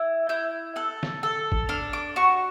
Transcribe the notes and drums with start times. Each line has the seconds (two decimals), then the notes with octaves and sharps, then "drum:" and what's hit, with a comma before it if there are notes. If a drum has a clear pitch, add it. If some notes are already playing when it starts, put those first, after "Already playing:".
Already playing: E4
0.29 E4 G6
0.76 A4 F#6
1.03 drum: snare
1.23 A4
1.52 drum: kick
1.69 D4 F6
1.93 D6
2.16 F#4 C#6